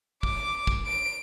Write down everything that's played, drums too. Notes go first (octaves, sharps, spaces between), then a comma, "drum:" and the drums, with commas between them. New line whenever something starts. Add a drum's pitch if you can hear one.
D6, drum: kick
drum: kick
D7